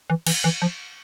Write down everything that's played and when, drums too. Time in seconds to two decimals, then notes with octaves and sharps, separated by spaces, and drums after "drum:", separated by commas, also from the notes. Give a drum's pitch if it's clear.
0.10 E3
0.27 E3, drum: cymbal
0.44 E3
0.62 F3